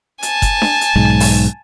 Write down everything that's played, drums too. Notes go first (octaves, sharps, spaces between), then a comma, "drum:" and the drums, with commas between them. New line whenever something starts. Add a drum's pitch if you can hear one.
G#5 A5, drum: hi-hat
drum: kick F#1, hi-hat
drum: snare D4
drum: hi-hat
B1 G#2
drum: open hi-hat